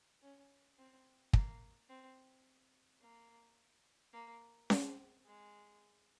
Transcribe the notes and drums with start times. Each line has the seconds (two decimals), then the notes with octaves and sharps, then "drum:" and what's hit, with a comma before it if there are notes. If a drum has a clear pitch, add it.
0.22 C#4
0.78 C4
1.33 A#3, drum: kick
1.89 C4
3.01 A#3
4.13 A#3
4.70 C4, drum: snare C#4
5.26 G#3